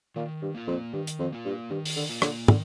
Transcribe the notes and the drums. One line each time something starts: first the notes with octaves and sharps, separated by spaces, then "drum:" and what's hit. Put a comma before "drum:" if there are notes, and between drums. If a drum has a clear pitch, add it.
A#2 D#3
G2
A#3 F4
F2
G2 D#3
drum: hi-hat
F2
A#3 F4
G2
G2 D#3
drum: open hi-hat
D3
A#3 F4
D3, drum: rim click
D3 D#3, drum: tom